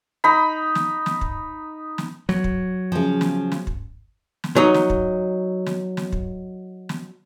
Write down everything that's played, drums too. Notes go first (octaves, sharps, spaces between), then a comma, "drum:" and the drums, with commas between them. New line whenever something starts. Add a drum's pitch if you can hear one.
D#4 B5
drum: snare
drum: snare
drum: kick
drum: snare
F#3, drum: snare
drum: kick
C#3 F3
drum: snare
drum: snare
drum: kick
drum: snare
F#3 D#4
drum: snare
drum: kick
drum: snare
drum: snare
drum: kick
drum: snare